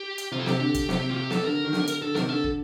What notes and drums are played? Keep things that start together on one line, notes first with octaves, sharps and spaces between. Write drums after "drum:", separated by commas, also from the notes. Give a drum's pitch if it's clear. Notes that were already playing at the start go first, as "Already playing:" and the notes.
Already playing: G4
drum: hi-hat
C3 F4
A4
C3 G4, drum: snare
D3 G4
drum: kick, hi-hat
C3, drum: snare
F4
G4
A4, drum: snare
D3 A#4
D#3
D3, drum: snare
drum: hi-hat
D3 A4
C3 D#3 A#4, drum: snare
D3 A4
drum: kick